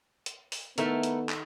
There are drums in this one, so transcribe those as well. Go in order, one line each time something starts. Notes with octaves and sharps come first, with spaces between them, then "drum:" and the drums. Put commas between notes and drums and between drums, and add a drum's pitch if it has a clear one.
drum: hi-hat
drum: open hi-hat
D#3 A3 B3 E4 A4 A#4 E5, drum: hi-hat
drum: hi-hat
drum: clap